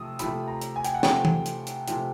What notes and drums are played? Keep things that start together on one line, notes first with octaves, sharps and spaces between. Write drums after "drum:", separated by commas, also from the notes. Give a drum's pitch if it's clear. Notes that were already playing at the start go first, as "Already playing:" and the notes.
Already playing: C3 F3 A3 D#6 E6
C3 F3 A3 B5, drum: hi-hat
A#5
drum: hi-hat
G#5
G5, drum: hi-hat
F#5
C3 F3 A3 G5, drum: snare
drum: tom
drum: hi-hat
drum: hi-hat
C3 F3 A3, drum: hi-hat